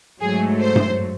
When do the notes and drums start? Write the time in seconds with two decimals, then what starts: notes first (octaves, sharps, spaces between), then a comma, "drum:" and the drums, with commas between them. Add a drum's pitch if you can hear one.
0.21 G#2 F#3 A3 G#4
0.62 C5
0.76 drum: tom G2